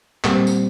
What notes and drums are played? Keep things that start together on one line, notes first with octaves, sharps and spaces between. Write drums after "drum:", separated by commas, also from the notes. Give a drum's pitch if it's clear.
A#2 G3 C4, drum: clap
drum: tambourine